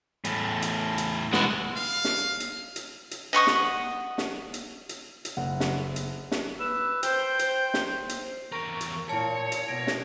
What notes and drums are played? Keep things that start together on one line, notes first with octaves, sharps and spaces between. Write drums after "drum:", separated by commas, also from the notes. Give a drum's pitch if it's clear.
E2 A2, drum: hi-hat
drum: hi-hat
drum: hi-hat
G#3 B3 E4 F#4, drum: snare
F5
drum: snare
drum: hi-hat
drum: hi-hat
drum: hi-hat
D#5 F#5 C#6 D#6
drum: snare
drum: snare
drum: hi-hat
drum: hi-hat
drum: hi-hat
F#1 F#5
drum: snare
drum: hi-hat
drum: snare
B4 E6
C5 G5, drum: hi-hat
C5, drum: hi-hat
drum: snare
drum: hi-hat
E2 A#4 A#5 C#6 A#6 D7
drum: hi-hat
A#2 E4 C#5 A5 C#7
drum: hi-hat
B2 A#6 D7
drum: snare